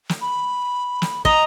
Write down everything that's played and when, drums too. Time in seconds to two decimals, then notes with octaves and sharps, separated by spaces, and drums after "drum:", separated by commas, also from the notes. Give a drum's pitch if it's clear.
0.09 drum: snare
0.21 B5
1.02 drum: snare
1.25 D#5 A#5, drum: kick